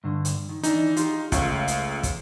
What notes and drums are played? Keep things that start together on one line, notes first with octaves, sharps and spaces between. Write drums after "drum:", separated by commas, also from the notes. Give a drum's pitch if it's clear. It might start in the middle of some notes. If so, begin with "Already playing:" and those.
G2 D3
drum: hi-hat
D#3
E3 D4 D#4, drum: hi-hat
F4 G4, drum: hi-hat
C#2 A3 F4 C#5, drum: kick, hi-hat
drum: hi-hat
drum: kick, hi-hat